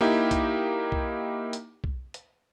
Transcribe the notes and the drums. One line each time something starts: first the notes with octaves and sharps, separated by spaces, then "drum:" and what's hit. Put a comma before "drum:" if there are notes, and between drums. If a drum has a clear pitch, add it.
A#3 D#4 E4 G4
drum: kick B1, hi-hat
drum: kick B1
drum: hi-hat
drum: kick B1
drum: hi-hat